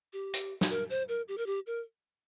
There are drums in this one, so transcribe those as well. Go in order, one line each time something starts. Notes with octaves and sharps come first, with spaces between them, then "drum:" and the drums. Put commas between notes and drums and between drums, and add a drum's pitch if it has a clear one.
G4
drum: hi-hat
drum: snare
A#4
C5
A#4
G4
A#4
G4
A#4